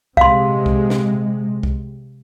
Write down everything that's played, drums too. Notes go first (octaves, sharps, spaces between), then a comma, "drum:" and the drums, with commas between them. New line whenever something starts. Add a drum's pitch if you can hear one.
C3 G#3 F5 C6, drum: kick C2
drum: kick C2
drum: snare
drum: kick C2